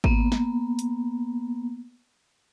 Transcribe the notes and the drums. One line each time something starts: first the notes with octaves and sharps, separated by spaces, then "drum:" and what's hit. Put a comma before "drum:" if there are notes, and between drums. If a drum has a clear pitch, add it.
A#3 B3, drum: kick G#1
drum: snare
drum: hi-hat